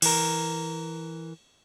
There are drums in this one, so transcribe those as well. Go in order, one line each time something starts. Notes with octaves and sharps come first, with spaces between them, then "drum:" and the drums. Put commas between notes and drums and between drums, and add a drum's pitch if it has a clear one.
E3 A#4, drum: cymbal